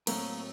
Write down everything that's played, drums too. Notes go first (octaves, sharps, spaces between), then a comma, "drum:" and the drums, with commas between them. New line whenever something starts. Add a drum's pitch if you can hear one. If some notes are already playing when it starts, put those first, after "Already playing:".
A2 F#3 A3 A#3 C4 A#4, drum: cymbal